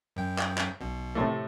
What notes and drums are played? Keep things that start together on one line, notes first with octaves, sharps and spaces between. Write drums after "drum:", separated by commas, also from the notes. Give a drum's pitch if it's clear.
F#2 G5
drum: clap
drum: clap
B1 B2
A2 C3 A3